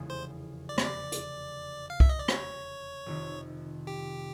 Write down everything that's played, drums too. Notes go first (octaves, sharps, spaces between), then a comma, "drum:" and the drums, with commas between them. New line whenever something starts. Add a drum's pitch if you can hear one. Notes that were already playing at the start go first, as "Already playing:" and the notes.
Already playing: F1 E2 C#3 F3 G#3
C5
D5
C#5, drum: rim click
D5
drum: hi-hat
F5
E5, drum: kick
D#5
D5
C#5, drum: rim click
F1 F2 C3 D#3
G4